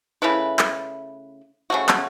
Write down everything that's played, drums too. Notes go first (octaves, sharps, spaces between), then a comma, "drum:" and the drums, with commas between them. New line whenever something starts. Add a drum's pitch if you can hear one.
C#3 A3 E4 B4
drum: clap
C#3 A3 F#4
drum: clap